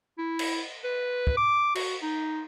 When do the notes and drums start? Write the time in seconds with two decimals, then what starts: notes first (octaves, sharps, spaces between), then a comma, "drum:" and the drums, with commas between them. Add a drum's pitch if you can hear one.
0.18 E4
0.39 drum: cymbal
0.84 B4
1.27 drum: kick
1.37 D6
1.75 F#4, drum: cymbal
2.02 D#4